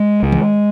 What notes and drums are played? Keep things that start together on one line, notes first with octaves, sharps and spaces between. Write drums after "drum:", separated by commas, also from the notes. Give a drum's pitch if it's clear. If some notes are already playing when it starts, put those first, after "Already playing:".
Already playing: G#3
C#2
drum: tom D#3